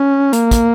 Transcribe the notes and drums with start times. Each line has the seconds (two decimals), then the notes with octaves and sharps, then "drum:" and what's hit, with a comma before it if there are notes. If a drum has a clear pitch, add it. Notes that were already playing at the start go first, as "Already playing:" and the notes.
Already playing: C#4
0.33 A#3, drum: hi-hat
0.51 drum: kick, hi-hat